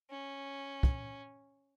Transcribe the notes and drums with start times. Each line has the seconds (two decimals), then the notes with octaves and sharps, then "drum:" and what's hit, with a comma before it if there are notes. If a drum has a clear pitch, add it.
0.10 C#4
0.83 drum: kick